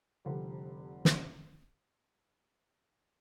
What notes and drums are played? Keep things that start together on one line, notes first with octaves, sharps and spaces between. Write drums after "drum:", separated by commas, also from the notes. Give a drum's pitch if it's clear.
F1 F2 D3 G3
drum: snare